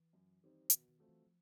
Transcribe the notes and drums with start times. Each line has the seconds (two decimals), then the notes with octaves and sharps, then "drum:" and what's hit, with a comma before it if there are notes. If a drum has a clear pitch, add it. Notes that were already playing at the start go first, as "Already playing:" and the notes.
Already playing: E3
0.13 F#2
0.42 D#3 G3 C4 D#4
0.70 B2 D#3, drum: hi-hat
0.88 D#3
0.98 F#3 A3 C4 F4
1.09 E3
1.26 F3